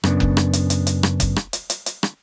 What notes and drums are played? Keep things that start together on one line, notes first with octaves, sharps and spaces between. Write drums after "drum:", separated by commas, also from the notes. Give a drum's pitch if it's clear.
F#2 C#3 B3 D4, drum: rim click
drum: kick F#1
drum: rim click
drum: hi-hat
drum: hi-hat
drum: hi-hat
drum: rim click
drum: kick F#1, hi-hat
drum: rim click
drum: hi-hat
drum: hi-hat
drum: hi-hat
drum: rim click